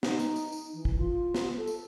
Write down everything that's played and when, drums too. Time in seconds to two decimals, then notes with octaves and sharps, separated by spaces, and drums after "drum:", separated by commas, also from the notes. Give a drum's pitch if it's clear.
0.03 D#4, drum: snare
0.19 drum: tambourine
0.36 drum: tambourine
0.52 drum: tambourine
0.74 E3
0.85 drum: kick
0.98 F4
1.34 drum: snare
1.58 A4
1.67 drum: tambourine